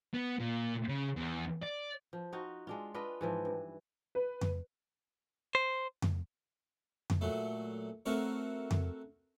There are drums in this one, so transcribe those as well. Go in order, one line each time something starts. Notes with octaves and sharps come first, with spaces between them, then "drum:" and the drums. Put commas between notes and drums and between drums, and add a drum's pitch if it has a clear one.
B3
A#2
C#3
E2
D5
F3
D#4 F4 F#4
G#3 D4 F4
D4 F4 B4 D#5
G#2 E3 F3
G2
B4
drum: tom F2
C5
drum: tom F2
drum: tom F2
A#2 F#3 A3
A3 C4 F#4 A#4 C#5
drum: tom F2